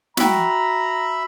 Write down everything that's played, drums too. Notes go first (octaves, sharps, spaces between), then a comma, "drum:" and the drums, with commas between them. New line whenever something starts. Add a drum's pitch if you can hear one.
F#4 E5 G5 A#5 B5, drum: snare